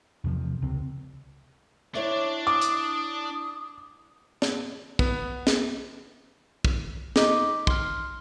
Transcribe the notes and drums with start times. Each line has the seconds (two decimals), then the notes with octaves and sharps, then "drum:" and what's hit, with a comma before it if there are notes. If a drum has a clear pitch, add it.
0.24 E2 C3 F3
0.61 C#2 C3 C4
1.95 D4 E4 C#5 D5
2.47 D6 D#6
2.62 drum: hi-hat
4.42 drum: snare
4.99 B3, drum: kick
5.47 drum: snare
6.65 drum: kick
7.16 D#4 D6 B6, drum: snare
7.67 C6 F6, drum: kick